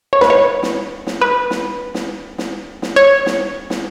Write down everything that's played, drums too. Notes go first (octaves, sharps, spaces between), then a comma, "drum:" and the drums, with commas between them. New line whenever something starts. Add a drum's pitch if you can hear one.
C#5
B4, drum: snare
C#5
drum: snare
drum: snare
B4
drum: snare
drum: snare
drum: snare
drum: snare
C#5
drum: snare
drum: snare